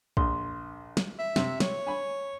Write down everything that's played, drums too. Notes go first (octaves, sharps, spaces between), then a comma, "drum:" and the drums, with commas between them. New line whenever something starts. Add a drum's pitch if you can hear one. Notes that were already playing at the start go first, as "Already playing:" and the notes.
A#1 C6, drum: kick
drum: snare
E5
C3, drum: snare
C#5, drum: snare
G#5 B5